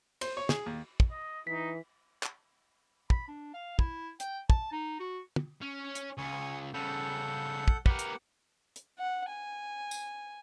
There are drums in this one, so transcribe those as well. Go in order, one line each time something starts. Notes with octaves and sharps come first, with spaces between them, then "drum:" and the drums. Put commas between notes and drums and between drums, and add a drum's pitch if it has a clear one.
C5, drum: cymbal
C#5
G#4, drum: snare
D#2
drum: kick
D#5
E3 D#4 B6
drum: clap
B5, drum: kick
D4
F5
E4, drum: kick
G5, drum: hi-hat
A5, drum: kick
D#4
F#4
drum: tom
C#4
drum: hi-hat
C#2 G#5 C#6 D#6
C#3 G3 A4 F#5 G6
drum: kick
B3 G4 A#4 F#5, drum: kick
drum: hi-hat
drum: hi-hat
F#5
G#5
drum: tambourine